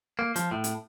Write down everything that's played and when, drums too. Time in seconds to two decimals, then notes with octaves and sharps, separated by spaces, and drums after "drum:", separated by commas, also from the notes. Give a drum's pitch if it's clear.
0.19 A#3
0.36 F3, drum: hi-hat
0.51 A2
0.64 drum: hi-hat